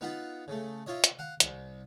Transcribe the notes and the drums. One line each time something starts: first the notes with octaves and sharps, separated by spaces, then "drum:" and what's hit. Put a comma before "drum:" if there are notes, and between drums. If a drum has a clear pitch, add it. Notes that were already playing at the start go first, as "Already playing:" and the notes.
B3 D#4 F4 B4 F#5
C#3 A3
E4 F4 C#5 D#5
drum: hi-hat
F5 F#5
C2, drum: hi-hat